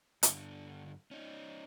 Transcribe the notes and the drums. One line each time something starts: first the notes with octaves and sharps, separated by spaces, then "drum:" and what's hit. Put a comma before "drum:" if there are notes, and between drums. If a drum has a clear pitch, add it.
G2 D3, drum: hi-hat
C#4 D#4